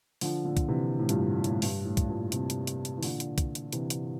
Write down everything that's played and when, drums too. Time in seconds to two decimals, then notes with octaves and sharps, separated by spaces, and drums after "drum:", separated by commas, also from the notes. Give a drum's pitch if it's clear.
0.21 D3 F3, drum: open hi-hat
0.45 A#2 D3
0.57 drum: kick, hi-hat
0.68 C3 E3
0.99 A2
1.09 G2 A#2, drum: hi-hat
1.34 A#2
1.44 A2, drum: hi-hat
1.62 G2, drum: open hi-hat
1.85 A2
1.97 drum: kick, hi-hat
2.09 G2 A#2
2.32 A2 C3, drum: hi-hat
2.50 drum: hi-hat
2.67 drum: hi-hat
2.85 drum: hi-hat
2.98 E3
3.03 A#2 D3, drum: open hi-hat
3.20 drum: hi-hat
3.38 drum: kick, hi-hat
3.55 drum: hi-hat
3.73 C3 E3, drum: hi-hat
3.90 drum: hi-hat